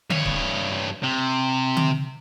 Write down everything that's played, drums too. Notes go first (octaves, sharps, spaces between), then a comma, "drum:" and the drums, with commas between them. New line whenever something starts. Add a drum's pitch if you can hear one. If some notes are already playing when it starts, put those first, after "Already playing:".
G2 C#5, drum: tom D3
drum: kick C#1
C3
drum: tom D3